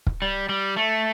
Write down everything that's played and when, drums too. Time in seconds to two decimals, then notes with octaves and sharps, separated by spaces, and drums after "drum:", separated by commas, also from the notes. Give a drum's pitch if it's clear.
0.07 drum: kick
0.22 G3
0.49 G3
0.76 A3